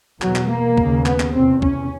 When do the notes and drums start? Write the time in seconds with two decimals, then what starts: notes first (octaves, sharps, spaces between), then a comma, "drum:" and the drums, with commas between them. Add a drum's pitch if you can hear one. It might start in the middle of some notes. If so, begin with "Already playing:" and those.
0.22 E2 B2 F#3, drum: clap
0.36 drum: clap
0.49 A#3
0.77 D#2 C#3, drum: kick
1.06 B3, drum: clap
1.20 drum: clap
1.34 E2 C3 C4
1.62 C#4, drum: kick